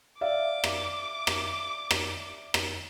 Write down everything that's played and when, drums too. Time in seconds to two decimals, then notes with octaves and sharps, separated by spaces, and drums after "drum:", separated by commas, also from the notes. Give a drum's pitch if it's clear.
0.21 D5 E5 F5 D6
0.64 drum: rim click
1.27 drum: rim click
1.91 drum: rim click
2.54 drum: rim click